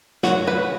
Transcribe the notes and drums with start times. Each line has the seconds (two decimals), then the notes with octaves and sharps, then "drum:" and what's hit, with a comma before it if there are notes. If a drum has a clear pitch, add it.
0.23 F#3 F#4, drum: snare
0.47 F#3 B4